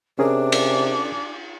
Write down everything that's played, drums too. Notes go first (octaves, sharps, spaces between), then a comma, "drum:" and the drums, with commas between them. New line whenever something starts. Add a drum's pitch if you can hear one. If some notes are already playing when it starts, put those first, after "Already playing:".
C3 C#4 D4 G#4 A#4
drum: cymbal